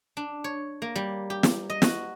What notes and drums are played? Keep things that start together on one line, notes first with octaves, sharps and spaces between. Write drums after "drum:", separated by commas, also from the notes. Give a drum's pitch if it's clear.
D4
C#5
A#3
G3
G4
drum: snare
D#5
F#4, drum: snare